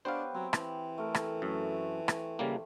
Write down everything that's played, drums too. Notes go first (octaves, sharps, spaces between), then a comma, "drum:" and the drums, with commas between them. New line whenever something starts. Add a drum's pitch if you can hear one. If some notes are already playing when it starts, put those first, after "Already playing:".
B3 D4 G4 C5 C#5 F5
F#3 C4
E3, drum: rim click
A3 A#4
drum: rim click
F#2 A3
drum: rim click
C#3 G3 A#3